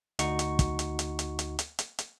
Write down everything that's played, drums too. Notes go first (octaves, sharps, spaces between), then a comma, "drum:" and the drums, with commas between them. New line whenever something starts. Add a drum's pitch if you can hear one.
D2 D#4 F#4 C#6, drum: hi-hat
drum: hi-hat
drum: kick, hi-hat
drum: hi-hat
drum: hi-hat
drum: hi-hat
drum: hi-hat
drum: hi-hat
drum: hi-hat
drum: hi-hat